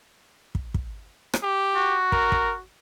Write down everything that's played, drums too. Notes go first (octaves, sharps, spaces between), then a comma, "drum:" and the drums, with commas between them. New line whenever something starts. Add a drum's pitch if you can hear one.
drum: kick
drum: kick
drum: rim click
G4
F#4
A#4, drum: kick
drum: kick